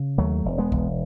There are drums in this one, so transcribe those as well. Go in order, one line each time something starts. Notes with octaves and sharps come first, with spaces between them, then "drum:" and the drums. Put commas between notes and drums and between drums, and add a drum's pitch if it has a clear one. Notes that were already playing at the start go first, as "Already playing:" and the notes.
Already playing: C#3
D#2 F#3 A3
E1
G#3 B3
E1, drum: kick C2